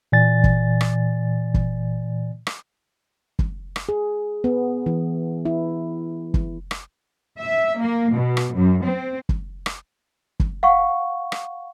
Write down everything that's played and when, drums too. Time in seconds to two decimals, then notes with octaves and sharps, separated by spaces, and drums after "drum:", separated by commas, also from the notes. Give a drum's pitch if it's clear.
0.12 A#2 E3 D5 G#5 A6
0.44 drum: kick
0.81 drum: rim click
1.54 drum: kick
2.47 drum: rim click
3.39 drum: kick
3.76 drum: rim click
3.89 G#4
4.44 B3
4.86 E3
5.45 E4
6.34 drum: kick
6.71 drum: rim click
7.39 E5
7.80 A#3
8.14 B2
8.37 drum: rim click
8.55 F#2
8.84 C4
9.29 drum: kick
9.66 drum: rim click
10.40 drum: kick
10.63 F5 F#5 C#6
11.32 drum: rim click